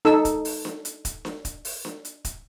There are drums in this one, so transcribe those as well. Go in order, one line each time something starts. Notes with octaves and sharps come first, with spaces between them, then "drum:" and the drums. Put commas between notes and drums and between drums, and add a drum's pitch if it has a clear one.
D#4 A4 E6, drum: snare D4
drum: kick, hi-hat
drum: open hi-hat
drum: snare D4
drum: hi-hat
drum: kick, hi-hat
drum: snare D4
drum: kick, hi-hat
drum: open hi-hat
drum: snare D4
drum: hi-hat
drum: kick, hi-hat